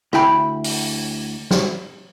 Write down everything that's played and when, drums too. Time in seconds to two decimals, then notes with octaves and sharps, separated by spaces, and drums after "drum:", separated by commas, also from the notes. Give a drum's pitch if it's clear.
0.13 D2 E4 G5 B5, drum: rim click
0.64 drum: open hi-hat
1.51 drum: snare